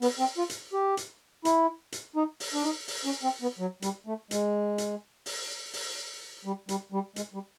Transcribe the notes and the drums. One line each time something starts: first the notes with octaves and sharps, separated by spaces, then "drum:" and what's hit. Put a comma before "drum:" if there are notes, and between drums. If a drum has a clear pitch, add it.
B3, drum: open hi-hat
C4
F4
drum: hi-hat
G4
drum: hi-hat
E4, drum: hi-hat
drum: hi-hat
D#4
drum: open hi-hat
D4
D#4
drum: open hi-hat
C#4
C4
B3
F#3
G3, drum: hi-hat
A3
G#3, drum: hi-hat
drum: hi-hat
drum: open hi-hat
drum: open hi-hat
G3
G3, drum: hi-hat
G3
G#3, drum: hi-hat
G3